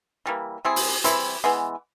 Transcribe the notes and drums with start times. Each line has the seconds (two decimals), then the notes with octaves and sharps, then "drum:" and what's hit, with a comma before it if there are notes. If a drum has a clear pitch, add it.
0.26 E3 G3 A#3
0.65 G3 C4 E4 G#4
0.76 drum: open hi-hat
1.04 E3 G3 C4 E4, drum: hi-hat
1.44 E3 G#3 B3